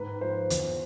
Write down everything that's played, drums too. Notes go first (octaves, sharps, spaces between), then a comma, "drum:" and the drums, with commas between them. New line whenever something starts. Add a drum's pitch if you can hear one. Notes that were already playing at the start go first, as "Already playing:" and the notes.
Already playing: G#2 B4
F3 C5
E2, drum: hi-hat